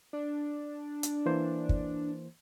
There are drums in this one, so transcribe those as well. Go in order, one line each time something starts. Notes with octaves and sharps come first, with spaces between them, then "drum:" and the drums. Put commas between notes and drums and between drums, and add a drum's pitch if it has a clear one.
D4
drum: hi-hat
E3 A#3 C5
drum: kick